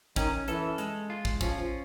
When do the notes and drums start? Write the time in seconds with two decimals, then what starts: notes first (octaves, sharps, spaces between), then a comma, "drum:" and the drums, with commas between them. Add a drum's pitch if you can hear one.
0.16 D#3 C#4, drum: kick, hi-hat
0.48 E3 A4, drum: hi-hat
0.78 G#3, drum: hi-hat
1.10 F4
1.25 drum: kick
1.41 F3 C#4, drum: kick, hi-hat